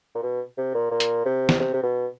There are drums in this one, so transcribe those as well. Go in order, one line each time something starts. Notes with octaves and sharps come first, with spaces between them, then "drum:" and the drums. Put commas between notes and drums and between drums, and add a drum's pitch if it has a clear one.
A#2
B2
C3
A#2
A#2
drum: hi-hat
C3
drum: snare
C3
C3
B2